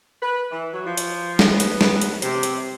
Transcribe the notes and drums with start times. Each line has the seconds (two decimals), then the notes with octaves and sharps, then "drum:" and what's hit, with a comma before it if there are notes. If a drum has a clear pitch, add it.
0.22 B4
0.51 E3
0.73 F#3
0.86 F3
0.97 drum: hi-hat
1.39 drum: snare
1.51 B3
1.60 drum: hi-hat
1.81 drum: snare
2.01 drum: hi-hat
2.22 C3, drum: hi-hat
2.43 drum: hi-hat